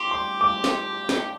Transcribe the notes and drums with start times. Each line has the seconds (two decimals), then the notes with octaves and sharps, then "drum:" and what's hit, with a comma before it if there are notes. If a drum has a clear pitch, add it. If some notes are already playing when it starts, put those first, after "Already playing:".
Already playing: G4 C6 D6
0.11 C6
0.41 D6
0.64 drum: snare
1.09 drum: snare